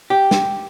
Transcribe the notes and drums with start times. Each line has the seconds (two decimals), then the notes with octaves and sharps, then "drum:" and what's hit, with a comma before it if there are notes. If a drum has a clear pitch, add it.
0.10 G4
0.31 drum: snare